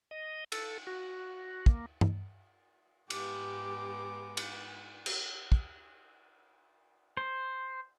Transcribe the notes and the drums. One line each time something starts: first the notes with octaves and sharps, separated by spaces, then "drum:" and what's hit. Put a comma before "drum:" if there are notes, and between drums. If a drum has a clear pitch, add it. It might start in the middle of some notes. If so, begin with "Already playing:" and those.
D#5
A4, drum: cymbal
F#4
A#3, drum: kick
drum: tom G2
G#2 G#3 B3 G4 D6, drum: cymbal
drum: cymbal
drum: cymbal
drum: kick
C5